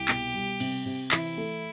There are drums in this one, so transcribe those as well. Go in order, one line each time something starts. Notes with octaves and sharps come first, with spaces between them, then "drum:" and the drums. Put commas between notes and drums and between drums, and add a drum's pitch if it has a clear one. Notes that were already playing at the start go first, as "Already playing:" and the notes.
Already playing: C2 G4
B2, drum: clap
G3
C3, drum: cymbal
C3
E3 E4, drum: clap
A3